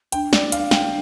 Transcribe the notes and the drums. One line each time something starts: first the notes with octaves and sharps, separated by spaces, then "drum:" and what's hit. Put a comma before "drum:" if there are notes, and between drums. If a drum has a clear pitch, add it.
D4 G5, drum: hi-hat
D5, drum: snare
F5, drum: hi-hat
G5, drum: snare